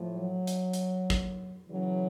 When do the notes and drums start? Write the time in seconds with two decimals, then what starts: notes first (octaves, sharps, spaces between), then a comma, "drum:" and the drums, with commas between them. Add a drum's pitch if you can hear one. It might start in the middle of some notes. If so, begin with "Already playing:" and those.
Already playing: A2 F3
0.12 F#3
0.47 drum: hi-hat
0.73 drum: hi-hat
1.10 drum: kick
1.68 C#3 E3 F#3